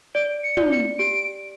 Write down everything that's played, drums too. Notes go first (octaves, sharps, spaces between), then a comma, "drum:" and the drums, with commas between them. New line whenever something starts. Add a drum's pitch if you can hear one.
D5 D7
C#7
D5, drum: tom
C#7
G4 D7